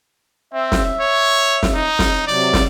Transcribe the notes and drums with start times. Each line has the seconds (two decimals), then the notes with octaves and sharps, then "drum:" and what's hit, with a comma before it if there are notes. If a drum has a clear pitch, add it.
0.54 C4 E5
0.72 drum: snare
1.01 C#5
1.63 drum: snare
1.75 D#4
1.99 drum: snare
2.28 C3 F#3 D5
2.54 drum: snare